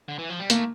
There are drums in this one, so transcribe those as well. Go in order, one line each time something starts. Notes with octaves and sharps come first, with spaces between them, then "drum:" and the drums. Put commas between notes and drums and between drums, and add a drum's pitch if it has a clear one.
D3
E3
F3
G3
A3 A#3, drum: hi-hat